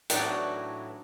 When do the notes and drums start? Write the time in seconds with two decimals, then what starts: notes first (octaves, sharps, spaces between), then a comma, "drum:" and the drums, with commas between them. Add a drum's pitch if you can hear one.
0.10 A2 E3 F#3 D4 D#4 F#4, drum: hi-hat